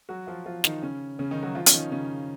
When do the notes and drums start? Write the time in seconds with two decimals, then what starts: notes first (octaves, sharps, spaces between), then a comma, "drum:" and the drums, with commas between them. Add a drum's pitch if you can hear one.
0.09 F#3 F#4
0.27 F3 F4
0.46 F3 F4
0.64 D#3 D#4, drum: snare
0.82 C#3 C#4
1.19 C#3 C#4
1.31 D#3 D#4
1.43 F#3 F#4
1.55 F3 F4
1.66 C#4, drum: hi-hat
1.73 D#3 D#4
1.92 C#3 C#4